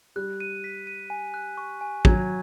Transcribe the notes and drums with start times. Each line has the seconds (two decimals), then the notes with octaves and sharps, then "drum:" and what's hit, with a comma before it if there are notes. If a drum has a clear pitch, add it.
0.16 G3 F#6
0.40 D#7
0.64 B6
0.87 D#7
1.10 G#5
1.34 F#6
1.57 C#6
1.81 G#5
2.05 F#3 G#6, drum: kick